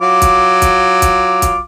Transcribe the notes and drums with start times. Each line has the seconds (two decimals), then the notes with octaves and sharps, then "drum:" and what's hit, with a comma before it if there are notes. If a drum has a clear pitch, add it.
0.02 F#3 F4 D6
0.22 drum: kick, hi-hat
0.62 drum: kick, hi-hat
1.02 drum: kick, hi-hat
1.42 drum: kick, hi-hat